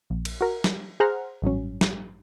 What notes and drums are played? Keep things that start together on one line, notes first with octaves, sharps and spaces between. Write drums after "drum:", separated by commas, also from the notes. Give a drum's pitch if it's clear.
A#1
drum: cymbal
F#4 A#4
drum: snare
G#4 C5 F#5 A#5 F6
A1 G2 F#3 C#4
drum: snare